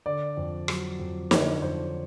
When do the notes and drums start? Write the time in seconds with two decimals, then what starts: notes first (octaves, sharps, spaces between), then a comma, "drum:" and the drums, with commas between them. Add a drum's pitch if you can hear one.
0.06 D3 D5
0.37 F2
0.68 F#3, drum: rim click
0.99 F2
1.31 D3 C#5, drum: snare
1.62 F2 C5